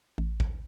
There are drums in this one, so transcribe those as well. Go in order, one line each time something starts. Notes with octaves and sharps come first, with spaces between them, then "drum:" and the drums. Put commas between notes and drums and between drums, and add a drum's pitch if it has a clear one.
A1
drum: kick